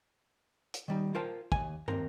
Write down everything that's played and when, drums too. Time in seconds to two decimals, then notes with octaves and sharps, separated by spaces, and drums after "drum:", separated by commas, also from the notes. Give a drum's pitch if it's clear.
0.74 drum: hi-hat
0.88 D#3 G3 D#4
1.15 F4 A#4 C5 F5 G5 A5
1.52 D#2 G#5, drum: kick
1.88 D#2 C4 A#4, drum: tom